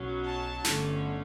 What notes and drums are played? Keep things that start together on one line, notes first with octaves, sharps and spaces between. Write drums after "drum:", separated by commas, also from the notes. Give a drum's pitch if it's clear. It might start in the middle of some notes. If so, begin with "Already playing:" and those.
Already playing: B1 B2 F#3 C#4
A5
G1 G2 D3 A3 C#4, drum: snare